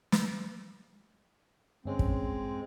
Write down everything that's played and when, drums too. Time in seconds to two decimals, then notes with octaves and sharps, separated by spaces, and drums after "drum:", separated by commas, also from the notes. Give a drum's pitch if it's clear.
0.12 drum: snare
1.85 G1 G#3 C4 C#4
1.99 drum: kick